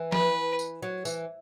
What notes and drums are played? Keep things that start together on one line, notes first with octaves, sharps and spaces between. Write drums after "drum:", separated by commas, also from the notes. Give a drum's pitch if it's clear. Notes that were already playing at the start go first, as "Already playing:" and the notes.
Already playing: E3
B4, drum: snare F3
drum: tambourine
F#3
E3, drum: tambourine